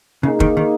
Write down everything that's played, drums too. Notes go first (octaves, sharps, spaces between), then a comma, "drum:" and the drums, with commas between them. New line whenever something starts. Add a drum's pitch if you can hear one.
C#3 A#3 D#4 G#4
D#3, drum: kick
D#3